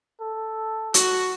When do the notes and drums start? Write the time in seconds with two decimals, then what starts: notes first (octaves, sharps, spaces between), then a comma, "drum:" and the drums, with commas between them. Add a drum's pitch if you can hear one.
0.20 A4
0.94 F#4, drum: hi-hat